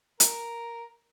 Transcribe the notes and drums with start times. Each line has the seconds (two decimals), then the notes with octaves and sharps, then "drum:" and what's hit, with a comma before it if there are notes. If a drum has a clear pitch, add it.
0.20 A#4, drum: hi-hat